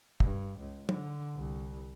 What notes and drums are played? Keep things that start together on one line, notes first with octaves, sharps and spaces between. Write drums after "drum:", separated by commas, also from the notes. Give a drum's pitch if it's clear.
G2, drum: kick
C#2
D3, drum: tom
C2